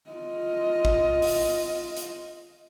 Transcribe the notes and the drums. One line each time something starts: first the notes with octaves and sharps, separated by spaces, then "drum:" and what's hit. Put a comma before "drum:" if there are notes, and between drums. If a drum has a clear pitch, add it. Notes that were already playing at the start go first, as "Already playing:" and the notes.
F4 D#5
drum: kick
drum: open hi-hat
drum: hi-hat